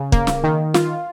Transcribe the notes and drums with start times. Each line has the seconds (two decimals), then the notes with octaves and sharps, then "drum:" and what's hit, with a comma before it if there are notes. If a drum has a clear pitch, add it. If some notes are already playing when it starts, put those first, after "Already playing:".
Already playing: C#3
0.12 A#3, drum: kick
0.27 drum: snare
0.44 D#3
0.74 F4, drum: snare